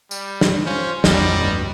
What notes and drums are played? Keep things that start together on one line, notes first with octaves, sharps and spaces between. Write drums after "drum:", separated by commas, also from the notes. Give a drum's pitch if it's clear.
G3, drum: tambourine
drum: snare
C#4 F4 C5 G6
A#1 F2 F#3 G3 D#5 F#6, drum: snare
D2 G2